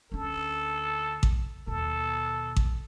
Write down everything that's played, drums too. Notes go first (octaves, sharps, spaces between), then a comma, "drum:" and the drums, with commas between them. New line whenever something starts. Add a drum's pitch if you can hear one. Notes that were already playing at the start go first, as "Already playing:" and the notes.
D2 C#4 A4
drum: kick A1
D#2 B2 A4
drum: kick A1